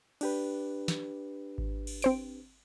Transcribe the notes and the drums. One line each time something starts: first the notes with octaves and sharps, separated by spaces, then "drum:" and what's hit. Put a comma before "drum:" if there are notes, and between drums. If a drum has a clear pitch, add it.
D4 G4 B4, drum: cymbal
drum: snare
drum: kick G#1
drum: cymbal
C4 C5 D7, drum: hi-hat